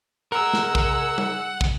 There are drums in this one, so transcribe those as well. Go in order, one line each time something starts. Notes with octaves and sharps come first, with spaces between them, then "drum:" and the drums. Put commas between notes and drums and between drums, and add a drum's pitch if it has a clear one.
G#3 A#4 F#5 E6
drum: snare
drum: kick
drum: tom G3
drum: kick